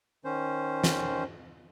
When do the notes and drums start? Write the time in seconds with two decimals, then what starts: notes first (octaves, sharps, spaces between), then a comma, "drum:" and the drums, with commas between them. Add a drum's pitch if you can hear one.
0.25 D#3 C#4 C5
0.84 drum: snare